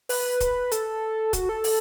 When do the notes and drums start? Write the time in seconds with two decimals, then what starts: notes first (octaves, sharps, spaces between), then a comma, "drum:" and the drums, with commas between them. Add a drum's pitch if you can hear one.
0.09 B4, drum: open hi-hat
0.41 drum: kick, hi-hat
0.72 A4, drum: hi-hat
1.33 F#4, drum: kick, hi-hat
1.49 A4
1.64 drum: open hi-hat